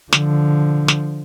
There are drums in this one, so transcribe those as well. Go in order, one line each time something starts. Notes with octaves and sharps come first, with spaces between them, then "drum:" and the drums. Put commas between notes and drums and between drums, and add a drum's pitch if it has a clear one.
D3 F3, drum: snare
drum: snare